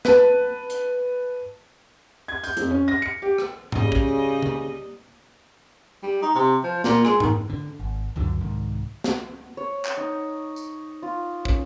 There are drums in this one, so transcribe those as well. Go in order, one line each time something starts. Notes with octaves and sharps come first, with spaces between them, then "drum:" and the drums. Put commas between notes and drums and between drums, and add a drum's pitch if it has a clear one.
B4 A5, drum: snare
drum: hi-hat
G#6
G6, drum: tambourine
F2, drum: hi-hat
C#4
A#6
C#7
G4
drum: rim click
C#3 G3 D#5, drum: tom G#2
drum: kick
drum: tom C#3
G3
D#4
C3
F3
A#2, drum: snare
G#3, drum: rim click
D#3, drum: tom G#2
D3
G#1
C#2 F#2 D3 F#3
C2 G#2 D#3
drum: snare
C#5
drum: clap
D#4
drum: tambourine
F4
C#4, drum: kick